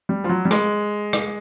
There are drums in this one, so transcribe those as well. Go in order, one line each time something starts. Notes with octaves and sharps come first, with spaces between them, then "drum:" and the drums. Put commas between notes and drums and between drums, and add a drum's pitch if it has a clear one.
G3
F3
F#3
G3
G#3, drum: rim click
drum: rim click